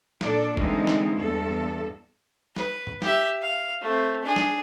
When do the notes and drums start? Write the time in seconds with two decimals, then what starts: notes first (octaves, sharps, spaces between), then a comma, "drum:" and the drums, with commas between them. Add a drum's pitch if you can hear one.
0.21 A#2 D4 A4 D5, drum: snare
0.57 D3 E3 G#3 A#3 C4 D#4, drum: kick G1
0.87 drum: snare
1.16 E2 G2 A4
2.56 B4, drum: snare
2.87 drum: tom G2
3.02 G4 E5, drum: snare
3.42 F5
3.82 A3 C4
4.22 D4 G#4
4.36 drum: snare